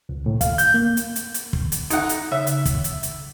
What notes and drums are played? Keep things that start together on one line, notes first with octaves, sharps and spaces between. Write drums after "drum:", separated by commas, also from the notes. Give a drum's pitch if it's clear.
C#2
A2
F5, drum: kick, hi-hat
G6, drum: hi-hat
A#3
drum: hi-hat
drum: hi-hat
drum: hi-hat
drum: kick
drum: hi-hat
D#4 F#5, drum: hi-hat
drum: hi-hat
C#3 E5
drum: hi-hat
drum: kick, hi-hat
drum: hi-hat
drum: hi-hat